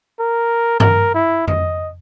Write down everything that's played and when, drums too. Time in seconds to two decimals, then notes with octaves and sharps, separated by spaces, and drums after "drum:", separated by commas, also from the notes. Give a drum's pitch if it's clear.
0.20 A#4
0.80 A#4, drum: tom G2
1.14 E4
1.48 D#5, drum: tom F2